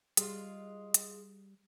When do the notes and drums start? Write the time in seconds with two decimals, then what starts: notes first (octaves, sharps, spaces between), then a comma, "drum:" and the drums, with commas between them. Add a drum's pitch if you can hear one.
0.17 G3 G#3 F4, drum: hi-hat
0.94 drum: hi-hat